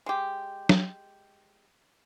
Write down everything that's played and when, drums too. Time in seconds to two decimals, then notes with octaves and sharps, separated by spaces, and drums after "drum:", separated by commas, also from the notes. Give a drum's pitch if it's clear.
0.06 G#3 G4
0.69 drum: snare F#3